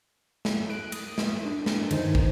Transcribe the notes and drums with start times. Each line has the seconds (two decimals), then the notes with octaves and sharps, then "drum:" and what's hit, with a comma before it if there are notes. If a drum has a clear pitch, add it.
0.45 drum: snare
0.69 F#6 D7
0.92 D#6, drum: cymbal
1.18 drum: snare
1.45 D4
1.66 drum: snare
1.91 G2 D#3 D#4 C5 G#5, drum: cymbal
2.15 drum: kick